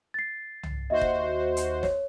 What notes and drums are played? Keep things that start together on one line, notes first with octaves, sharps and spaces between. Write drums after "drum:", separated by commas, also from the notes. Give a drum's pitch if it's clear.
A6 C7
drum: tom
D#2 F#4 C5 D#5 E5
drum: kick
drum: hi-hat
C#5, drum: snare